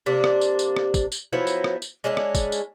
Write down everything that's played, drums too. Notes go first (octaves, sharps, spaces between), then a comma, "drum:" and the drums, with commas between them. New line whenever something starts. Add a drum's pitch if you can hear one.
C3 A#3 D4
drum: rim click
drum: tambourine
drum: tambourine
drum: rim click
drum: kick, tambourine
drum: tambourine
F3 F#3 B3 E4
drum: tambourine
drum: rim click
drum: tambourine
G#3 C#4 D4 E4
drum: rim click
drum: kick, tambourine
drum: tambourine